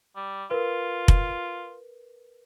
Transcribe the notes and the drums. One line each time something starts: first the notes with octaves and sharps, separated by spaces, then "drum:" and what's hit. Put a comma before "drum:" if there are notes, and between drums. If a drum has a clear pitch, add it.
G3
F4 A#4 B4
drum: kick F1